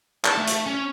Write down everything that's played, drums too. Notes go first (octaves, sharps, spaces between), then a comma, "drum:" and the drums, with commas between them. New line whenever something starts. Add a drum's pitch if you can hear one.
A5, drum: clap
A3
drum: hi-hat
C#4